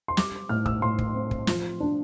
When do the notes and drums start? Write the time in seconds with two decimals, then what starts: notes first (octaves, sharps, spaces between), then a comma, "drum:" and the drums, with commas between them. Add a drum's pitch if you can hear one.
0.08 C6
0.17 G3 D6, drum: snare
0.49 A2 F6
0.66 E6, drum: kick
0.82 A2 C6
0.99 drum: kick
1.15 C4
1.31 drum: kick
1.47 F3, drum: snare
1.80 D4